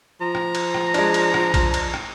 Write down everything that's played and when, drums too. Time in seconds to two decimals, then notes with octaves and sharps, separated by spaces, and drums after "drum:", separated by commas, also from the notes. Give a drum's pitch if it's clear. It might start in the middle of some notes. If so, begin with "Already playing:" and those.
0.21 F3 A#5
0.35 drum: rim click
0.55 drum: cymbal
0.74 drum: rim click
0.94 G#3 D4, drum: cymbal
1.14 drum: cymbal
1.34 drum: rim click
1.54 drum: kick, cymbal
1.74 drum: cymbal
1.94 drum: rim click